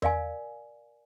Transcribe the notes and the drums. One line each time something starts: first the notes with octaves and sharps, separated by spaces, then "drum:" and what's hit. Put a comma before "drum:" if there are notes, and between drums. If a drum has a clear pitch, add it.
A#4 D5 F5 G#5, drum: tom E2